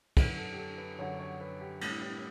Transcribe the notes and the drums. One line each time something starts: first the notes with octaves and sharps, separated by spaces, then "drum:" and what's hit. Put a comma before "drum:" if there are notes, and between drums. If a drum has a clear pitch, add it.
F#2 D3 F#3 B4, drum: kick, cymbal
A4
G4
A4
B4
F#2 D3 F#3 C#5
C#5
B4
G4
A2 G3 A4, drum: cymbal
G4